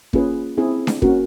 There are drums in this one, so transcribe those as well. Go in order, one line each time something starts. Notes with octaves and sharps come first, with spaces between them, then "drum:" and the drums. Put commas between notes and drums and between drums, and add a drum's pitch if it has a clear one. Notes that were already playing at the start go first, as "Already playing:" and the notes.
A#3 C#4 F4 G#4 B4, drum: kick
C4 E4 G#4
drum: snare D4
A#3 C#4 F#4 A#4, drum: kick